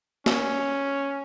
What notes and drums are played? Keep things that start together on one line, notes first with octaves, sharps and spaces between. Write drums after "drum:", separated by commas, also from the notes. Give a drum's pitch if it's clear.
C#4, drum: snare